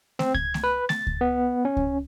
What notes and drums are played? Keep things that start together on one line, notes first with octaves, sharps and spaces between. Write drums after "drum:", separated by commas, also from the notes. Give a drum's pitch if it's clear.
C4, drum: snare A3
G#6, drum: kick C#2
drum: snare A3
B4
A6, drum: snare A3
drum: kick C#2
B3
C#4
drum: kick C#2